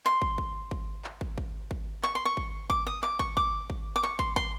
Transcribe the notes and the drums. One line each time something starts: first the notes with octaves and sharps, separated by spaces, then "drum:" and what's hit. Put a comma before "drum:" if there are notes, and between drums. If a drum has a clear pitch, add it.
C6, drum: clap
drum: kick
drum: kick
drum: kick
drum: clap
drum: kick
drum: kick
drum: kick
C#6, drum: clap
C6
C#6
drum: kick
D6, drum: kick
D#6
D6, drum: clap
C#6, drum: kick
D6, drum: kick
drum: kick
D6
C#6, drum: clap
C6, drum: kick
C6, drum: kick